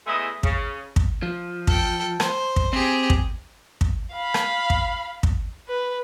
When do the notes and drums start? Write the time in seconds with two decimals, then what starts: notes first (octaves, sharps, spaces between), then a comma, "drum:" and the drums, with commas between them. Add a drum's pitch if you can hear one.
0.06 E2 G#3 A3 E4 D#5 E5
0.43 C#3, drum: kick
0.96 drum: kick
1.23 F3
1.67 A4 G5, drum: kick
2.20 C5, drum: rim click
2.56 drum: kick
2.73 C4 G4 G#4
3.10 drum: kick
3.81 drum: kick
4.12 F5 B5
4.34 drum: rim click
4.70 drum: kick
5.23 drum: kick
5.68 B4